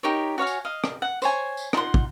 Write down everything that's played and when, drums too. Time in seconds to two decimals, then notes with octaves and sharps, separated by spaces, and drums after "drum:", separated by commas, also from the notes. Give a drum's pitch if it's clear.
0.03 D#4 G4 A#4 C#5
0.38 F#4 C#5 F5 G#5
0.47 drum: tambourine
0.65 D#5 F5
0.84 drum: rim click
1.02 F#5
1.22 C5 C#5 G#5, drum: tambourine
1.57 drum: tambourine
1.73 D#4 F4 F#5 C6, drum: rim click
1.94 drum: kick